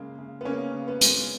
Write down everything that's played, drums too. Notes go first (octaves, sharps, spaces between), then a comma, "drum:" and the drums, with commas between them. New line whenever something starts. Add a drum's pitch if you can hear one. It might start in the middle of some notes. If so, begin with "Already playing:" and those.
Already playing: C#3 G#3 A#3
C#3
B3
C#3 A#3 C#4
C#3
B3
G#3, drum: hi-hat